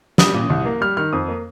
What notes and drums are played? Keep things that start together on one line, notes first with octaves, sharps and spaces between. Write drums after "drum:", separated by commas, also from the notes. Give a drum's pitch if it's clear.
G3 D#6, drum: snare
A#2
C2
A#3
G3 F6
D#3 F6
F2 D#6
A#3